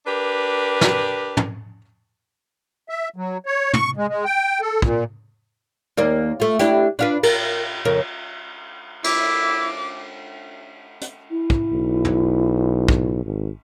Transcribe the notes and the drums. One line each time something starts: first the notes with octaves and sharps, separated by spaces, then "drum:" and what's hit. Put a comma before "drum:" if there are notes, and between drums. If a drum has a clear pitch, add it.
D4 G4 A#4 B4
drum: snare
drum: tom
E5
F#3
C#5
C#6, drum: tom
G#3
G#3
G5
A4
A#2, drum: kick
D#2 A#3 D5
A3 F4
D4 E4 G4, drum: hi-hat
D4 F4 B4
A#4, drum: cymbal
F2 C#3 A#4
E4 D6, drum: cymbal
drum: hi-hat
E4
drum: kick
B1
drum: tom
drum: kick
G#1